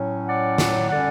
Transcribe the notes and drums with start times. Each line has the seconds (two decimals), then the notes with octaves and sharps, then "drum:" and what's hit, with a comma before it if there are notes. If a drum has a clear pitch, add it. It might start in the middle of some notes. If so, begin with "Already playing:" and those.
Already playing: A2 F#3 C#4
0.28 D5 F#5
0.58 drum: snare
0.89 D3 G3 C#4 D5 F#5